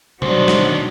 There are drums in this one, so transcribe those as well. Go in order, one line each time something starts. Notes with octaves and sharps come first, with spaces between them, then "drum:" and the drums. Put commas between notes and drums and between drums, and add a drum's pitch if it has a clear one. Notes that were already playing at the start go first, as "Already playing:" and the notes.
D2 B2 D#3 F#3 D4 C5, drum: tom B2
drum: snare